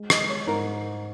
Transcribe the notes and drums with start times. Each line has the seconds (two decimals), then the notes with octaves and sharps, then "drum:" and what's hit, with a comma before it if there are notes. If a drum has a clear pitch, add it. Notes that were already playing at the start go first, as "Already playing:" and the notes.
Already playing: G#3
0.10 D#5, drum: rim click
0.19 G#3
0.29 C#5
0.47 G#2 A#4